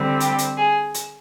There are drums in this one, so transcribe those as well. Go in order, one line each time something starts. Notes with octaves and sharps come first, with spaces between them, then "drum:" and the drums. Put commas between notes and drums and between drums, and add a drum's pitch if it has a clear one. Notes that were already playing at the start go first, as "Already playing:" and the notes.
Already playing: D3 G3 C4
G4, drum: hi-hat
drum: hi-hat
G#4
drum: hi-hat